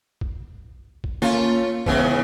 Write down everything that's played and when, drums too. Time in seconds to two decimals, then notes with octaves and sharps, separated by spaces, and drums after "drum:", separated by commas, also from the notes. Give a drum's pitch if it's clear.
0.21 drum: kick
1.04 drum: kick
1.22 A3 A#3 C#4 F4
1.86 G#2 C#3 E3 B3, drum: kick